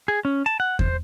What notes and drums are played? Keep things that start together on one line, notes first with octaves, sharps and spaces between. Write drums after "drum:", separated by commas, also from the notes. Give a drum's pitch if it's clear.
G#4
C#4
A5
F#5
C5, drum: kick E2